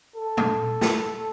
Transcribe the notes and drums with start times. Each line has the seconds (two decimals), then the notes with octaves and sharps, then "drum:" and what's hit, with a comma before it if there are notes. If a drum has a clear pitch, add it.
0.16 A4
0.37 drum: tom A#2
0.81 drum: snare